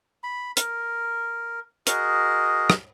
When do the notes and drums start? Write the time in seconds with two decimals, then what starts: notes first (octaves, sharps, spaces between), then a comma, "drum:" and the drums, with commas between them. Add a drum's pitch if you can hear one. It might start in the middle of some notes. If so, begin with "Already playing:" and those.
0.24 B5
0.57 A#4, drum: hi-hat
1.87 F#4 G#4 A#4 D#5, drum: hi-hat
2.70 drum: rim click